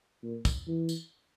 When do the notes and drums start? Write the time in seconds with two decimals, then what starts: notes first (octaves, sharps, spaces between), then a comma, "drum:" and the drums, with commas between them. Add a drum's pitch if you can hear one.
0.23 A#2
0.45 drum: kick, tambourine
0.67 E3
0.89 drum: tambourine